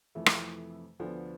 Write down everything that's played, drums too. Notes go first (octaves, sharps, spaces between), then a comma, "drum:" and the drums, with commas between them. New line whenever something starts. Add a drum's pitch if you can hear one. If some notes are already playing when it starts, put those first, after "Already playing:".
F2 C3 E3 A3 E4
drum: rim click
D2 D3 F3 B3